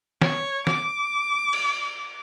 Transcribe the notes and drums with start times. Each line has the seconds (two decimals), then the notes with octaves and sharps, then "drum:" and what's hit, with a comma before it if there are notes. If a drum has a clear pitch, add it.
0.22 C#5, drum: snare
0.67 D6, drum: snare
1.53 drum: cymbal